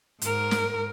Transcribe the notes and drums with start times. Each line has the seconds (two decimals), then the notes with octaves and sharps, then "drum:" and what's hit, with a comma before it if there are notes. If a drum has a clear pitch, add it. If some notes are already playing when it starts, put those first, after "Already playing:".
0.22 G#2 A#4, drum: hi-hat
0.51 drum: snare